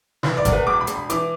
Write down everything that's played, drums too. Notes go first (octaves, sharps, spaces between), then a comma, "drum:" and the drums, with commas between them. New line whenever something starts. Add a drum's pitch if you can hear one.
E3 B5, drum: snare
D5
E2, drum: kick G#1, hi-hat
B4
E1 D6
B5
E1, drum: hi-hat
B5
E3 D6, drum: hi-hat